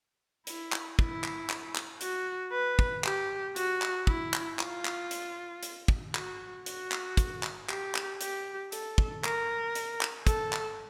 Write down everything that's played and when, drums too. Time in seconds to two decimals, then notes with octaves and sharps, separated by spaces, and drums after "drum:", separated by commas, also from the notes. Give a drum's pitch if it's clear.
0.47 E4, drum: hi-hat
0.72 drum: clap
0.99 E4, drum: kick
1.24 drum: clap
1.50 drum: clap
1.76 drum: clap
2.01 F#4, drum: hi-hat
2.52 B4
2.79 drum: kick
3.04 G4, drum: clap
3.56 F#4, drum: hi-hat
3.82 drum: clap
4.07 E4, drum: kick
4.34 drum: clap
4.59 F4, drum: clap
4.85 drum: clap
5.11 drum: hi-hat
5.63 drum: hi-hat
5.88 drum: kick
6.15 F#4, drum: clap
6.66 F#4, drum: hi-hat
6.92 drum: clap
7.17 drum: kick, hi-hat
7.43 drum: clap
7.69 G4, drum: clap
7.95 drum: clap
8.21 G4, drum: hi-hat
8.72 A4, drum: hi-hat
8.98 drum: kick
9.24 A#4, drum: clap
9.75 drum: hi-hat
10.01 drum: clap
10.27 A4, drum: kick, hi-hat
10.53 drum: clap